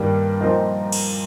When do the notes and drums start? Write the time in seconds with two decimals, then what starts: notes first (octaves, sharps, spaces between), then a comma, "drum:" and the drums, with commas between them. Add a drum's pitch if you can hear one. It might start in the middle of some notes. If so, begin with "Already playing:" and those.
Already playing: G2 D#3 G3 A#3
0.41 A#2 F3 C4 D#4 A#4
0.92 drum: cymbal